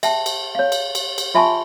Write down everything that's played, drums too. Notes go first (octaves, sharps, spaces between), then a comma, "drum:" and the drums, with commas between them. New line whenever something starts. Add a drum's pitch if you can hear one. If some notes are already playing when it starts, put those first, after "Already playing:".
E5 G5 A5, drum: cymbal
drum: cymbal
C#5 F5
drum: cymbal
drum: cymbal
drum: cymbal
F4 E5 G#5 A5 C6 C#6